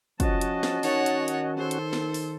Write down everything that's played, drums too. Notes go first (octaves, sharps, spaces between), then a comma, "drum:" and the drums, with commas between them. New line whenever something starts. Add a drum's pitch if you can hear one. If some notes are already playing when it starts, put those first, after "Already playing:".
F3 C#4 F#4 D#5 A5, drum: kick, hi-hat
drum: hi-hat
drum: snare
D#3 C#5 F#5, drum: open hi-hat
drum: hi-hat
drum: hi-hat
A4 C5
drum: hi-hat
drum: snare
drum: open hi-hat